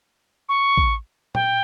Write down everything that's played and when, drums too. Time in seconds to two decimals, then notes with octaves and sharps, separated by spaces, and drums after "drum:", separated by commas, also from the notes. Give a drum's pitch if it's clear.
0.49 C#6
0.78 drum: kick
1.35 G5, drum: tom A#2